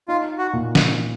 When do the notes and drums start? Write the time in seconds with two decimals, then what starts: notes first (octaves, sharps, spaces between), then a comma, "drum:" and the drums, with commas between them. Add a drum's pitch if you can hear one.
0.08 D#4 F4
0.38 F#4
0.53 A#2
0.75 drum: snare